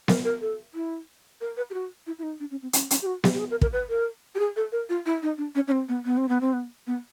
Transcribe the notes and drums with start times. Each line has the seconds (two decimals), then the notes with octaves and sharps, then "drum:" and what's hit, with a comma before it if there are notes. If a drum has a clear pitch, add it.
0.08 A#4, drum: snare B3
0.24 A#4
0.41 A4
0.74 E4
1.41 A#4
1.57 B4
1.70 G4
1.74 F#4
2.07 E4
2.19 E4
2.23 D#4
2.40 D4
2.51 C#4
2.62 C4
2.73 C#4, drum: hi-hat
2.91 C#4, drum: hi-hat
3.02 G4
3.06 F#4
3.24 G4, drum: snare B3
3.34 G4
3.39 G#4
3.51 A#4
3.61 A#4, drum: kick
3.73 B4
3.89 A#4
4.35 G4
4.39 G#4
4.56 A4
4.72 A#4
4.89 F4
5.06 E4
5.22 D#4
5.38 D4
5.55 C#4
5.67 C#4
5.72 C4
5.89 B3
6.05 B3
6.17 C4
6.29 B3
6.41 C4
6.53 B3
6.87 B3